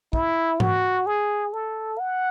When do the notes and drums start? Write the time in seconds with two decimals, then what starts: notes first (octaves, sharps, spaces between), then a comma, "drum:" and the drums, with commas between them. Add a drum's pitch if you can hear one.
0.13 E4, drum: kick
0.60 F#4, drum: tom G#2
1.06 G#4
1.53 A4
1.99 F#5